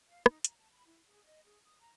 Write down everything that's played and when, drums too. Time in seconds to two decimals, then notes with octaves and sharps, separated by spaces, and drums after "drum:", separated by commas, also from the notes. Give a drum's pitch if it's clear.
0.08 F5
0.26 D#4, drum: rim click
0.44 A#5, drum: hi-hat
0.57 A5
0.71 B5
0.87 E4
1.07 G#4
1.24 D#5
1.45 G#4
1.65 D#6
1.81 A#5